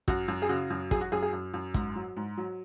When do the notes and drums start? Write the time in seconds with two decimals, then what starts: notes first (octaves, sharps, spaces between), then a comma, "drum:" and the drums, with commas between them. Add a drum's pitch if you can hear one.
0.08 F#2 F#4, drum: kick, hi-hat
0.28 F#2
0.42 G#4
0.49 C#3 F#4
0.70 F#2
0.91 F#3 G#4, drum: kick, hi-hat
1.01 F#4
1.12 F#2 G#4
1.22 G#4
1.33 F#2
1.54 F#2
1.74 G#2, drum: kick, hi-hat
1.96 F#3
2.17 G#2
2.37 F#3